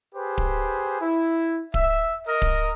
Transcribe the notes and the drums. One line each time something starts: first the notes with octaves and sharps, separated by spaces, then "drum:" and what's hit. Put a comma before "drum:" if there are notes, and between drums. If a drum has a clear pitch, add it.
G4 G#4 B4 C5
drum: kick D1
E4
E5, drum: kick D1
A#4 D#5
drum: kick D1